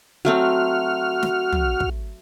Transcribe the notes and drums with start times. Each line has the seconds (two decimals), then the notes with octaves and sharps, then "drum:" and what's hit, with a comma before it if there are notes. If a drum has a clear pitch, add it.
0.25 F#3 A3 C4 F#4 F6
1.23 drum: snare
1.52 drum: tom
1.80 drum: kick